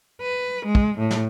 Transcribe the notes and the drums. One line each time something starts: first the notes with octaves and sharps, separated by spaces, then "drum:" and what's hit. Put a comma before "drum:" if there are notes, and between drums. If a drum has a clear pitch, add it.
B4
G#3
drum: kick
A2
drum: snare